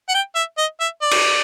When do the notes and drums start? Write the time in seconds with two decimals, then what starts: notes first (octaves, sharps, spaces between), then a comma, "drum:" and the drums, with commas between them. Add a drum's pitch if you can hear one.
0.09 F#5
0.14 G5
0.36 E5
0.58 D#5
0.80 E5
1.02 D5
1.11 drum: cymbal